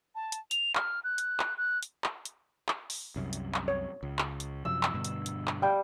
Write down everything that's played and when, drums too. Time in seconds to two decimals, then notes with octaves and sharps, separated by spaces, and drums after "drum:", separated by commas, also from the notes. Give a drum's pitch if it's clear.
0.15 A5
0.32 drum: hi-hat
0.51 F7, drum: hi-hat
0.75 F6, drum: clap
1.04 F#6
1.18 drum: hi-hat
1.40 drum: clap
1.57 F#6
1.83 drum: hi-hat
2.04 drum: clap
2.25 drum: hi-hat
2.68 drum: clap
2.90 drum: open hi-hat
3.16 C2 F#2 C3
3.33 drum: hi-hat
3.54 drum: clap
3.68 C#5
4.03 C#2
4.19 drum: clap
4.40 drum: hi-hat
4.65 F#2 C3 F3 E6
4.83 drum: clap
4.94 G2 B2 D3
5.04 drum: hi-hat
5.26 drum: hi-hat
5.47 drum: clap
5.62 G3 F5 G5